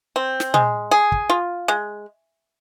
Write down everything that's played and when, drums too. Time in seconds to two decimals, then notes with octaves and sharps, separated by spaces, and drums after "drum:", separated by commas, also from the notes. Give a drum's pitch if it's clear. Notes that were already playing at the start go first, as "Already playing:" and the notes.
0.16 C4
0.40 drum: snare
0.54 G#3, drum: tom A#2
0.91 G#4
1.12 drum: kick
1.30 F4
1.68 G#3